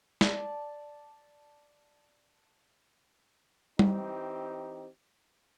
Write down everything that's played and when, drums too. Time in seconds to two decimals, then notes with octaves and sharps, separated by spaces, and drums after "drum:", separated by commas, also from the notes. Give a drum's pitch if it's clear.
0.21 D5 A5, drum: snare
3.79 E3 C4 D#4 G4, drum: tom G3